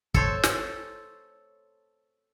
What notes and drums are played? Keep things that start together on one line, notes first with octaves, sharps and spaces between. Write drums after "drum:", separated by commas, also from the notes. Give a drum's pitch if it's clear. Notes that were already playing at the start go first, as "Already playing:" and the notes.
A4 C5 C#5, drum: kick
drum: snare